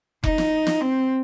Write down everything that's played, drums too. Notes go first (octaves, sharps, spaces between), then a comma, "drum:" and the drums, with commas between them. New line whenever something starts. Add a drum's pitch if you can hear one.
D#4, drum: kick F1
drum: snare
drum: snare
C4